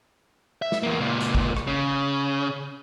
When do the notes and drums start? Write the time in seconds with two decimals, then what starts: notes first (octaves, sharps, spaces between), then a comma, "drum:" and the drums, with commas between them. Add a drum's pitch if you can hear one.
0.62 E5
0.72 drum: snare
0.83 E2 A#3
1.00 C#2 A#2
1.20 drum: hi-hat
1.35 drum: kick
1.57 drum: rim click
1.67 C#3